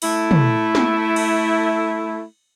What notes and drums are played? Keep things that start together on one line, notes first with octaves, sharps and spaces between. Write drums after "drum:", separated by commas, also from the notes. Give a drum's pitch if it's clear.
A3 E4, drum: open hi-hat
drum: tom
drum: snare
drum: cymbal